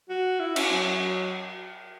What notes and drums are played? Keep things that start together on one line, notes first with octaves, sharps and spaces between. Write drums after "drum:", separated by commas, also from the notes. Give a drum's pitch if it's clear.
F#4
E4
C#4, drum: cymbal
F#3